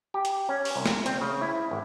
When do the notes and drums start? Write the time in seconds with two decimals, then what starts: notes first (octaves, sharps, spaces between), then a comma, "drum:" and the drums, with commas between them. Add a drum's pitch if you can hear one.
0.14 G4
0.25 drum: hi-hat
0.49 C#4
0.65 drum: open hi-hat
0.76 C2
0.86 drum: snare
1.06 C4, drum: hi-hat
1.21 C#3
1.41 E4
1.71 G#1